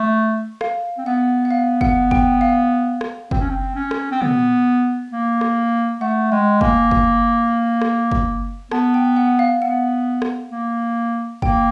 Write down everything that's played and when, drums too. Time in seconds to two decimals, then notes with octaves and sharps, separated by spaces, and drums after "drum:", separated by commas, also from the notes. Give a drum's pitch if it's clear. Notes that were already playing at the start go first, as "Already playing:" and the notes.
Already playing: A3
0.61 F5, drum: rim click
0.98 C4
1.06 B3 F#5
1.45 F#5
1.51 F5
1.81 F#5, drum: kick
2.11 G5, drum: kick
2.41 F5
3.01 drum: rim click
3.31 C4, drum: kick
3.40 C#4
3.50 C4
3.76 C#4
3.91 drum: rim click
4.12 C4
4.22 B3, drum: tom
5.12 A#3
5.41 drum: rim click
6.01 A3 F#5
6.32 G#3 G5
6.61 A#3 G#5, drum: kick
6.91 drum: kick
7.81 drum: rim click
8.11 drum: kick
8.71 B3 A5, drum: rim click
8.94 G5
9.17 F#5
9.39 F5
9.62 B3 F#5
10.22 drum: rim click
10.51 A#3
11.42 A#3 G5, drum: kick